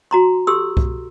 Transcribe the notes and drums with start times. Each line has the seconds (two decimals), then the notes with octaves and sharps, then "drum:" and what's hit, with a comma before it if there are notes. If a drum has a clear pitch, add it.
0.11 F#4 A#5 C6
0.47 G4 A4 C6 E6
0.77 drum: kick C2